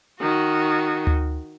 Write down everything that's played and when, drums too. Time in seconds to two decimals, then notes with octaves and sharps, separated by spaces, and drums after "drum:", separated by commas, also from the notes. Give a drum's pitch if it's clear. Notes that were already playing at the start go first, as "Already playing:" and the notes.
0.20 D#3 F#4
1.07 drum: tom D2